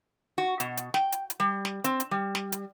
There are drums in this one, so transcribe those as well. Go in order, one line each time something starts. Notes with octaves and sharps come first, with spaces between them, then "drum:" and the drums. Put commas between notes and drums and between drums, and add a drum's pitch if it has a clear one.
F#4
B2, drum: hi-hat
drum: hi-hat
G5, drum: snare
drum: hi-hat
drum: hi-hat
G3
drum: snare
C4, drum: hi-hat
drum: hi-hat
G3
drum: snare
drum: hi-hat